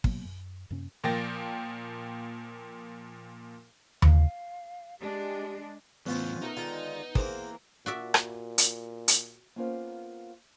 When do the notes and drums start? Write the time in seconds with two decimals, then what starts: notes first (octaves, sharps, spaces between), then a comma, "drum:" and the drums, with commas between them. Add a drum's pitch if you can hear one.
0.04 B2 F#3 A#3 B3, drum: kick
0.25 F#2
0.70 F#2 C3 A#3 C#4
1.04 A#2 F3 A#3 G5 A6 A#6
4.02 F5, drum: tom D#2
5.00 G#3 D4 G4
6.06 E2 A2 B3 C#4 F4 C5
6.42 A3 D#4 G#4 A#4
6.57 D3 D#3 G#3 F4
7.15 E3 A#3 C4 G#4 C5, drum: kick
7.86 A#2 F#4 D5 E5
8.14 drum: rim click
8.58 drum: hi-hat
9.08 drum: hi-hat
9.56 A#3 B3 C#4 F4 A#4 C5